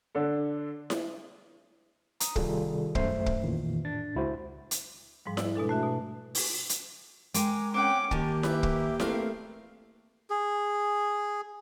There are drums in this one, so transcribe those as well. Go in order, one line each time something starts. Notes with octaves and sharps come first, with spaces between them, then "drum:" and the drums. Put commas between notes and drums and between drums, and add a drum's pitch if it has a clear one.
D3 D4 A4
drum: snare E4
A#5 D#6, drum: hi-hat
C3 D#3 G3 F4 G#4 A4, drum: kick
G#1 F#2 A3 C5 E5 C7, drum: kick
drum: kick
F2 A#2 D#3 E3
A2 D4 A6
C#2 E4 F#4 C5
drum: hi-hat
G#2 F3 G3
E4 D5, drum: snare E4
B2 G#3 D4 A4
A3 F#4 E5
B2
drum: open hi-hat
drum: hi-hat
G#3 A#4 G5 G#5 D6, drum: hi-hat
C4 C#4 F#5 G5 D6
D#3 A#3 G4 G#5 A5, drum: kick
B4 E5, drum: snare E4
drum: kick
A3 C4 A#4 B4 F5, drum: snare E4
G#4